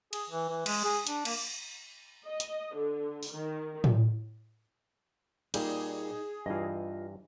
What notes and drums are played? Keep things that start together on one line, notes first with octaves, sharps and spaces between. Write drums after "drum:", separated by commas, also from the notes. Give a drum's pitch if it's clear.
G#4, drum: cymbal
E3
E3
G#3, drum: cymbal
G#4
D4, drum: hi-hat
A#3, drum: cymbal
D#5
drum: hi-hat
D3
drum: open hi-hat
D#3
drum: tom A2
A#2 G3 D#4 G#4, drum: cymbal
G2 E3 F4 D#5